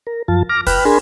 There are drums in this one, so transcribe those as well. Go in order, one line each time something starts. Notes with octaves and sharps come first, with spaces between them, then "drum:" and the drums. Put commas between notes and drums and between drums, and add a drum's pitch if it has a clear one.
A#4
F#2 F3 F4 A5
D6 F6 A#6
B4 G5 B5 F6 F#6, drum: kick, open hi-hat
D4 G#4 A#4 G#5 B5 C6